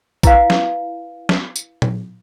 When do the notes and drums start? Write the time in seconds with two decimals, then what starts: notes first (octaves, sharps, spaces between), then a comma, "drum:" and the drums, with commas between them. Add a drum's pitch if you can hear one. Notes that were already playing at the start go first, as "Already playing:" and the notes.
0.23 E4 B4 F5, drum: kick A#1, tambourine
0.50 drum: snare
1.29 drum: snare
1.56 drum: tambourine
1.82 drum: tom A#2